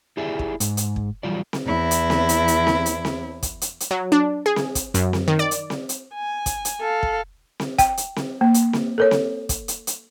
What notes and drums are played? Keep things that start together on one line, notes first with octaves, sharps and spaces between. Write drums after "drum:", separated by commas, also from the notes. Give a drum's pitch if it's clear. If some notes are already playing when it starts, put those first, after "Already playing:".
E4 G4 G#4 D5 E5
drum: kick
G#2, drum: hi-hat
drum: hi-hat
drum: kick
E3 F#3 G3 F4 D5
drum: snare C4
E2 E4
drum: hi-hat
drum: snare C4
drum: hi-hat
drum: hi-hat
drum: snare C4
drum: hi-hat
drum: snare C4
drum: kick, hi-hat
drum: hi-hat
drum: hi-hat
F#3
D4
G#4
drum: snare C4
drum: kick, hi-hat
F#2, drum: hi-hat
drum: snare C4
D#3
D5
drum: hi-hat
drum: snare C4
drum: hi-hat
G#5
drum: kick, hi-hat
drum: hi-hat
A4 F5
drum: kick
drum: snare C4
G5, drum: kick, hi-hat
drum: hi-hat
drum: snare C4
A#3
drum: hi-hat
drum: snare C4
A4 A#4 C#5
drum: snare C4
drum: kick, hi-hat
drum: hi-hat
drum: hi-hat